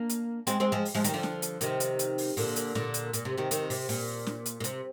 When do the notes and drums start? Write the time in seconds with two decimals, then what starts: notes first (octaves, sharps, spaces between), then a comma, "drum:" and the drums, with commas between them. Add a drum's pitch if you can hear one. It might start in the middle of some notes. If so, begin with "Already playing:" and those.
Already playing: A#3 D4
0.09 drum: hi-hat
0.47 G#3 C4, drum: hi-hat
0.60 G#3 C4
0.72 F3 G#3
0.85 drum: open hi-hat
0.95 F3 G#3
1.04 D#3 G3, drum: hi-hat
1.14 D3 F3
1.23 drum: snare
1.42 drum: hi-hat
1.61 C3 D#3, drum: hi-hat
1.80 drum: hi-hat
1.99 drum: hi-hat
2.18 drum: open hi-hat
2.37 A#2 D3, drum: open hi-hat
2.56 drum: hi-hat
2.75 A#2 D3, drum: snare
2.94 drum: hi-hat
3.13 A#2, drum: hi-hat
3.25 C3
3.37 C3 D#3
3.51 C3 D#3, drum: hi-hat
3.70 C3, drum: open hi-hat
3.89 A#2, drum: open hi-hat
4.27 drum: snare
4.46 drum: hi-hat
4.60 A#2
4.64 C3, drum: hi-hat